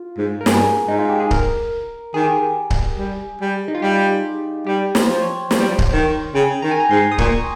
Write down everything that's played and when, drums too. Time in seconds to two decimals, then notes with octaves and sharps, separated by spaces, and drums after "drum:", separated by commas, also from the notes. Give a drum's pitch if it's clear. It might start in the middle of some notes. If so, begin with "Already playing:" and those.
Already playing: F4
0.18 G#2
0.41 A#4
0.46 G2 G#4, drum: snare
0.88 G#2 D#4
0.99 F4
1.09 G4
1.20 G#4
1.31 A#4, drum: kick C#1
2.14 D#3 G#4
2.23 G4
2.32 G#4
2.70 drum: kick C#1
2.98 G3
3.41 G3
3.68 D#4
3.75 F4
3.82 G3 G4
4.67 G3 G4
4.95 C5, drum: snare
5.08 F3
5.22 C#5
5.51 F3, drum: snare
5.59 G3
5.69 F3
5.79 drum: kick C#1
5.93 D#3
6.35 C#3 G5
6.62 D#3 A#5
6.71 G#5
6.80 A#5
6.91 G#2 C6
7.12 D#6
7.18 A#2 C#6, drum: kick C#1